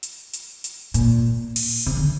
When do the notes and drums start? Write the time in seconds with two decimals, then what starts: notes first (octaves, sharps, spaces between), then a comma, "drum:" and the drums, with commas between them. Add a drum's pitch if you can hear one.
0.03 drum: hi-hat
0.33 drum: hi-hat
0.64 drum: hi-hat
0.94 A#2, drum: hi-hat
1.56 drum: open hi-hat
1.86 C3
1.97 D3